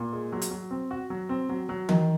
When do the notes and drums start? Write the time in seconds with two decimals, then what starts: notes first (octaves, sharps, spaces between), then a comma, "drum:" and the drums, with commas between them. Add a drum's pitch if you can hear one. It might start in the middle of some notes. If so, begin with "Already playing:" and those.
Already playing: A#2
0.13 G#3
0.32 F#3
0.42 drum: hi-hat
0.51 F#3
0.71 C4
0.91 F#4
1.10 F#3
1.29 C4
1.49 F#3
1.69 F#3
1.89 D#3, drum: tom E3